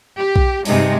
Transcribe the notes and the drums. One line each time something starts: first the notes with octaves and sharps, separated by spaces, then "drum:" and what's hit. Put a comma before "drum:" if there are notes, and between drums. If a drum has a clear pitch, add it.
G4
drum: kick B1
G2 C3 G#3 D#4, drum: open hi-hat